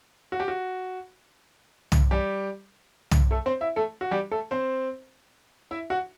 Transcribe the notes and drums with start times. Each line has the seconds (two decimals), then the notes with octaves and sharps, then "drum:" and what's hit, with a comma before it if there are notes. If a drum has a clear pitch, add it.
0.32 F#4
0.40 G4
0.48 F#4
1.92 drum: tom
2.11 G3 G4
3.11 drum: tom
3.31 A3 A4
3.46 C4 C5
3.61 E4 E5
3.76 A3 A4
4.01 F#4
4.11 G3 G4
4.31 A3 A4
4.51 C4 C5
5.71 E4 E5
5.90 F#4 F#5